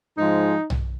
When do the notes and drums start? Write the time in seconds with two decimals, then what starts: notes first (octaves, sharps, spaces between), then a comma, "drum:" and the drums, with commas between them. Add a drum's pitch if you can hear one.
0.18 G#2 F3 G#3 D#4
0.70 drum: tom